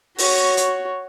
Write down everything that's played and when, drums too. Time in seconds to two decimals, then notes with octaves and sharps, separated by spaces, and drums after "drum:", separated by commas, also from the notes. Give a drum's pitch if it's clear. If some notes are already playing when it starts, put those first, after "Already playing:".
0.18 F#4 C#5, drum: open hi-hat
0.57 drum: hi-hat